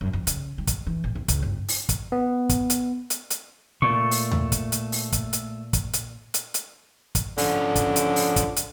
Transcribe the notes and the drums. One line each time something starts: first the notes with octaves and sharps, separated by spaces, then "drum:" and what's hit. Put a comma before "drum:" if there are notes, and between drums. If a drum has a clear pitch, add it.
F#2
F2
C#3, drum: hi-hat
G3
drum: kick, hi-hat
E3
A1
E2
C#2, drum: kick, hi-hat
G1
drum: open hi-hat
drum: kick, hi-hat
B3
drum: kick, hi-hat
drum: hi-hat
drum: hi-hat
drum: hi-hat
A#2 A3 C#6
drum: open hi-hat
drum: tom D#2
drum: kick, hi-hat
drum: hi-hat
drum: open hi-hat
drum: kick, hi-hat
drum: hi-hat
drum: kick, hi-hat
drum: hi-hat
drum: hi-hat
drum: hi-hat
drum: kick, hi-hat
D3 F3 C#4, drum: open hi-hat
drum: kick, hi-hat
drum: hi-hat
drum: open hi-hat
drum: kick, hi-hat
drum: hi-hat